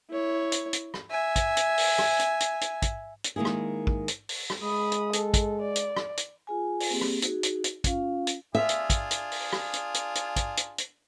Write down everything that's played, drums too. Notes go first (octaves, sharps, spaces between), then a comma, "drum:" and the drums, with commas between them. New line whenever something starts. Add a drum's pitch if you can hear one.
E4 C#5
drum: hi-hat
drum: hi-hat
drum: rim click
E5 G#5
drum: kick, hi-hat
drum: hi-hat
drum: open hi-hat
drum: rim click
drum: hi-hat
drum: hi-hat
drum: hi-hat
drum: kick, hi-hat
drum: hi-hat
D#3 G#3 A#3 E4 G#4
drum: rim click
drum: kick
drum: hi-hat
drum: open hi-hat
drum: rim click
G#3 B5 D#6
drum: hi-hat
A4, drum: hi-hat
drum: kick, hi-hat
D5
drum: hi-hat
drum: rim click
drum: hi-hat
F4 G#4 G#5
drum: open hi-hat
A#3 C4 G4 G#4
drum: rim click
D#4 F#4 G#4, drum: hi-hat
drum: hi-hat
drum: hi-hat
C#4 F4 F5, drum: kick, hi-hat
drum: hi-hat
D4 F4 G#4 E5
drum: hi-hat
drum: kick, hi-hat
drum: hi-hat
drum: open hi-hat
drum: rim click
drum: hi-hat
drum: hi-hat
drum: hi-hat
drum: kick, hi-hat
drum: hi-hat
drum: hi-hat